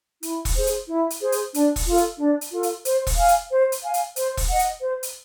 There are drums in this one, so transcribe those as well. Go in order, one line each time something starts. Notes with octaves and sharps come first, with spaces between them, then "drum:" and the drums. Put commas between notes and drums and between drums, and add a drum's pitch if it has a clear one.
E4, drum: hi-hat
drum: kick E1, open hi-hat
G#4 C5
drum: hi-hat
E4
drum: hi-hat
G#4 C5
drum: hi-hat
D4, drum: hi-hat
drum: kick E1, open hi-hat
F4 A4
drum: hi-hat
D4
drum: hi-hat
F4 A4
drum: hi-hat
C5, drum: hi-hat
drum: kick E1, open hi-hat
F5 G#5
drum: hi-hat
C5
drum: hi-hat
F5 G#5
drum: hi-hat
C5, drum: hi-hat
drum: kick E1, open hi-hat
D#5 F#5
drum: hi-hat
C5
drum: hi-hat